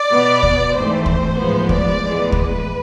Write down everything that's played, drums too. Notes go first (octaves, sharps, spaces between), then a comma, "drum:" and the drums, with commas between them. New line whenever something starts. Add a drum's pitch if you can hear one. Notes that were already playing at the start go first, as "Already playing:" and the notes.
Already playing: D5
B2 B3
drum: kick D2
G#2 E3 A3 C4 C5
drum: kick D2
A2 F3 G#3 B3
D5, drum: kick D2
A2 E3 G#3 B3
B4, drum: kick D2